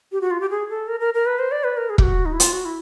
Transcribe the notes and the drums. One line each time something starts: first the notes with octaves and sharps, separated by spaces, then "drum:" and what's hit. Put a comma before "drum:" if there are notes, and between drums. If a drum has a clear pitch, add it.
G4
F#4
F4
G4
G#4
A4
A#4
A#4
A#4
B4
C5
D5
B4
A#4
G#4
G4, drum: kick E1
F#4
D#4
E4
F4, drum: hi-hat
F#4
E4